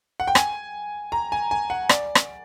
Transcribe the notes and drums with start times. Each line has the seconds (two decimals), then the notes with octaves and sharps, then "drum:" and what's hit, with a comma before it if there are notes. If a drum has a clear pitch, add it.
0.20 F#5
0.27 G5
0.35 G#5, drum: rim click
1.12 A#5
1.32 G#5
1.51 G#5
1.70 F#5
1.89 D5, drum: rim click
2.15 drum: rim click